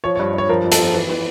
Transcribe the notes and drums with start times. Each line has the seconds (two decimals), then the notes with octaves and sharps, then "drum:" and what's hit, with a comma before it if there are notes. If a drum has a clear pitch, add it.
0.04 F3 C#5
0.16 C#5
0.19 G2
0.34 G2 C#5
0.49 F3 A#4
0.64 F2
0.72 A4, drum: hi-hat
0.79 F3
0.94 E3
1.09 E3